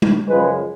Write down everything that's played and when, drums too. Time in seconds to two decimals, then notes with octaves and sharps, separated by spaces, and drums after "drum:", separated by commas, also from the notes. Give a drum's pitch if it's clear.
0.02 drum: tom G3
0.29 F#2 C#3 F3 G#3 B4